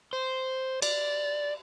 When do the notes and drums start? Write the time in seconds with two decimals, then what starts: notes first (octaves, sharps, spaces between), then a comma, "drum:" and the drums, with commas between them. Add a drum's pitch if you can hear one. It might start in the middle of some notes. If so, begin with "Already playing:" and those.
0.13 C5
0.82 D5, drum: cymbal